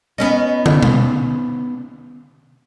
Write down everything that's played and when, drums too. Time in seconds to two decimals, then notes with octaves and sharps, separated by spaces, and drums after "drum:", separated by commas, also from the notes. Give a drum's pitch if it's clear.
0.18 B3 C#4 D#4
0.66 drum: tom
0.83 drum: tom B2